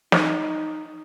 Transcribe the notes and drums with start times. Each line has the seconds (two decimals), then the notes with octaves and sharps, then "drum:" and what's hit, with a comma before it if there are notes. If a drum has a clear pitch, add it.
0.12 D#4, drum: snare